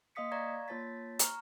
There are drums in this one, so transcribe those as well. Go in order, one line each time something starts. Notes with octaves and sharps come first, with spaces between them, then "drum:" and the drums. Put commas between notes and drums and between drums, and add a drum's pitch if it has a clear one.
A#3 D#5 F5 D#6 B6 C#7
D5 F5 A#5 C#6 G#6 A#6
A#3 F4 C#5 A5 A6 B6
A#5 C#6 F6, drum: hi-hat